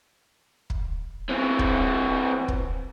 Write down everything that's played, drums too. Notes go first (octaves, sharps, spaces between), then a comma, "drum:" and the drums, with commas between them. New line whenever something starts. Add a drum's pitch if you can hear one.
drum: kick
E3 C4
drum: kick
drum: kick